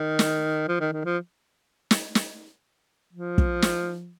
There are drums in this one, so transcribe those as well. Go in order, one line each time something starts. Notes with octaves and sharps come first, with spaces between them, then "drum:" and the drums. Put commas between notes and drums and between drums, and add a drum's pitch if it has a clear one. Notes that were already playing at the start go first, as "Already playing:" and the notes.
Already playing: D#3
drum: snare
F3
D#3
D#3
F3
drum: snare
drum: snare
F3
drum: kick
drum: snare